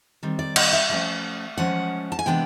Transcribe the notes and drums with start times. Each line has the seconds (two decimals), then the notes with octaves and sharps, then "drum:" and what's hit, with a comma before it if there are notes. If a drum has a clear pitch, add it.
0.23 D#3 G3 C4
0.39 D5
0.56 D#5, drum: cymbal
0.73 E5
0.89 D3 F3 A3 C#4 F5
1.58 F3 G#3 C#4 F#5
2.12 A5
2.19 G#5
2.26 C3 E3 G#3 B3 D4 G5